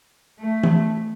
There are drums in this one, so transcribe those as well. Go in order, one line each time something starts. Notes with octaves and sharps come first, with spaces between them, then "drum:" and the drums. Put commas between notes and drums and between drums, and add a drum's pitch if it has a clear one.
A3
drum: tom E3